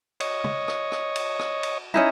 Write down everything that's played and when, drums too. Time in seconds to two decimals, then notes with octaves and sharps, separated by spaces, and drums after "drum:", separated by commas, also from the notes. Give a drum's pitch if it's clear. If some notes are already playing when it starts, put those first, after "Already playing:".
0.20 C#5 D#5, drum: cymbal
0.44 drum: tom
0.68 drum: rim click
0.92 drum: rim click
1.15 drum: cymbal
1.39 drum: rim click
1.63 drum: cymbal
1.94 C#4 D#4 E4 A#5